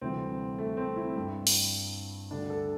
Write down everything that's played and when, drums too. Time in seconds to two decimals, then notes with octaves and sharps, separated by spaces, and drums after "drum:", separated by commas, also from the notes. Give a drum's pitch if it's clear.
0.01 D2 C3 E3 G3 C4
0.58 A3
0.77 C4
0.96 E4
1.16 G2 G3
1.47 drum: open hi-hat
2.31 D2 D3 G3 D4
2.50 A4